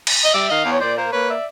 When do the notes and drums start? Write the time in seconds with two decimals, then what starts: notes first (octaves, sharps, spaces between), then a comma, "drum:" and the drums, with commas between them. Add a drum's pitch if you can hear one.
0.07 drum: cymbal
0.25 D#5
0.33 G3 D5 E5
0.50 D#3 D#5 F5
0.65 E2
0.71 C#5
0.81 A#2 C5 D5
0.97 A#3 A#4 C5
1.12 A#3 B4 C#5
1.28 D5 E5